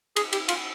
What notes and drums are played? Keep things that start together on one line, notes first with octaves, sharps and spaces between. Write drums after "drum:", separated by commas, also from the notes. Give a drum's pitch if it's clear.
G#4, drum: cymbal
G4, drum: cymbal
F4, drum: cymbal